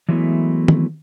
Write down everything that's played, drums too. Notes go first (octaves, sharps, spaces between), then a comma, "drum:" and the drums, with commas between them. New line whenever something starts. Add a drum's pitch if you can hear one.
E3 F#3 G#3 A3 B3 E4
drum: tom D#3